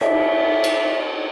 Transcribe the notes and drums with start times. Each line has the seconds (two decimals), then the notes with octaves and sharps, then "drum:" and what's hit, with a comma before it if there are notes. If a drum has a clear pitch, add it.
0.01 E5, drum: cymbal
0.64 drum: cymbal